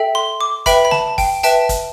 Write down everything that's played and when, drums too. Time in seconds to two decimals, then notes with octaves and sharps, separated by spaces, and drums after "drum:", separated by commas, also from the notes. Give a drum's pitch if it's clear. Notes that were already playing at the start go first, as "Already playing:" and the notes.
Already playing: A4 E5 G5
0.15 C6
0.41 D6
0.66 B4 E5 G5 B5, drum: kick, hi-hat
0.85 B5
0.91 A5, drum: snare
1.18 G5, drum: kick, open hi-hat
1.43 B4 E5 G5 A5, drum: hi-hat
1.69 drum: kick, hi-hat